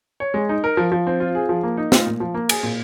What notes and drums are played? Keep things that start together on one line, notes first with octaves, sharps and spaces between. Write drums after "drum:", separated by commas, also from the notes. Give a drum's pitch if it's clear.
C#5
G#3
D#4
A#4
F3
F3
C4
F4
G#4
F3
A#3
D#4
F4, drum: snare
A#2
F3
A#3
G#4, drum: cymbal
A#2